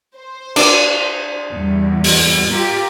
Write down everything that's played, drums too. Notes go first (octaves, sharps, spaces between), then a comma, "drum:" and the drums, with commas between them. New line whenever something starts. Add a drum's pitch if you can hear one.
C5
D4, drum: cymbal
E2 G2
drum: open hi-hat
F4 G4 A#4